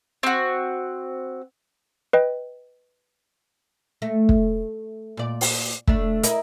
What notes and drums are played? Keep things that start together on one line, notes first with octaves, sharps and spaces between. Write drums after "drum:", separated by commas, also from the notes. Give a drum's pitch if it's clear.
C4 F#4
B4 D#5 G5
A3
drum: kick
A#2 D5
drum: open hi-hat
A3 D4, drum: kick
E4 A#4 D#5, drum: hi-hat